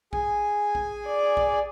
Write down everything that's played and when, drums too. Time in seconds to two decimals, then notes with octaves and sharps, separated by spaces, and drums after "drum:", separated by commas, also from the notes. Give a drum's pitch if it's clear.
0.13 G#4 G#5, drum: kick A#1
0.75 drum: kick A#1
1.07 D5
1.37 drum: kick A#1